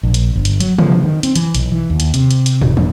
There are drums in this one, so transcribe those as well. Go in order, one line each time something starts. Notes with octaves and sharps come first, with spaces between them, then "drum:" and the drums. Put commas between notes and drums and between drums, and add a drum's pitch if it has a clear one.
A#1
drum: hi-hat
G1
drum: hi-hat
F#3, drum: hi-hat
F3, drum: tom
drum: tom
D#3
C4, drum: hi-hat
E3, drum: hi-hat
B1, drum: hi-hat
E3
D#2
drum: hi-hat
C3, drum: hi-hat
drum: hi-hat
drum: hi-hat
E1, drum: tom
drum: tom